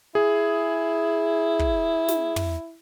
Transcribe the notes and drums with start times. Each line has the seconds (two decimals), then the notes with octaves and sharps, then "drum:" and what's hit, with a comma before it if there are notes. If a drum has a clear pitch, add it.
0.15 E4 G#4
1.59 drum: kick
2.08 drum: snare
2.36 drum: tom